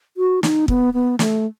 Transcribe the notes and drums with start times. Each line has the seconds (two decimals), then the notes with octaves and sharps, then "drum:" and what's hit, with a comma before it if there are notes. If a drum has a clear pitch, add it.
0.17 F#4
0.43 D#4, drum: snare
0.68 B3, drum: kick
0.94 B3
1.19 A3, drum: snare